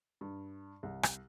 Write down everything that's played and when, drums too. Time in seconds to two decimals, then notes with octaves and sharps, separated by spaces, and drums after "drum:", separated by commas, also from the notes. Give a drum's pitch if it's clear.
0.21 G2
0.83 C2
1.03 drum: rim click